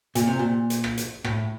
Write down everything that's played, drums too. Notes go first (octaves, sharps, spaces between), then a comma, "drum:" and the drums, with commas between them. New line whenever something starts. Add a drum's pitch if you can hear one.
A#2, drum: hi-hat
C3
A#2
drum: hi-hat
drum: rim click
drum: hi-hat
A2, drum: rim click